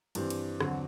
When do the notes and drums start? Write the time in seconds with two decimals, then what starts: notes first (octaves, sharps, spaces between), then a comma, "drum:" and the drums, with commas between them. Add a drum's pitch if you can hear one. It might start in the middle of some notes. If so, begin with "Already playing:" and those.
0.15 G2 E3 G3 C4, drum: cymbal
0.30 drum: cymbal
0.60 E2 D3 F#3 C4 F#4, drum: rim click